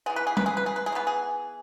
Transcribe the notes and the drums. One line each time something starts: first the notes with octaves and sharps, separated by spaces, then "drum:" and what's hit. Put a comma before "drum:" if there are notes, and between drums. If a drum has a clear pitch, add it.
E3 B3 G#4
B4
G#4
B4, drum: tom
G#4
B4
G#4
B4
G#4
E3 B3 B4
G#4